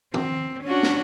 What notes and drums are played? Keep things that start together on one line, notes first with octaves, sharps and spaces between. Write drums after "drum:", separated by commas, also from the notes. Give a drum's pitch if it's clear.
C4, drum: tom D#3
C#4 D4 F#4
drum: snare